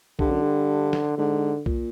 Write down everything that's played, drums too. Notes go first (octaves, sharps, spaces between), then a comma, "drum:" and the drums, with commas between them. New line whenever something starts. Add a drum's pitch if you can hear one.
G2 D3, drum: kick B1
F#2
G2
drum: snare
G#2 D3
A#2, drum: kick B1